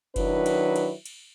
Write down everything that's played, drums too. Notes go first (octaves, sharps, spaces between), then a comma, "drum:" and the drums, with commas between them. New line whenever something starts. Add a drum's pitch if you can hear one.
D#3 F#3 D4 E4 B4, drum: kick F#1, cymbal
drum: cymbal
drum: cymbal
drum: cymbal